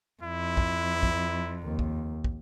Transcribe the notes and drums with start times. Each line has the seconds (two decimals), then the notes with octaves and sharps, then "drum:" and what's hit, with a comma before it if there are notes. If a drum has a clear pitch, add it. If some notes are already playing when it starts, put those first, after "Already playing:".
0.23 F2 E4
0.57 drum: kick
1.03 drum: kick
1.64 D#2
1.79 drum: kick
2.24 drum: kick